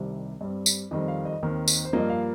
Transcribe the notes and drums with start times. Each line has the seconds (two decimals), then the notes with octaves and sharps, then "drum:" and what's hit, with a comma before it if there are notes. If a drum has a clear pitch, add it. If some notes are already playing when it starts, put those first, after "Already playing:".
Already playing: C2 C3 D#3 G3 C5
0.41 G2 G3 C4
0.66 drum: tambourine
0.91 F2 D#3 G3 C4 D#5
1.08 F5
1.25 D#5
1.43 D#2 D#3 C4 A#4
1.68 drum: tambourine
1.85 C5
1.93 G2 F3 A#3 D#5
2.10 F5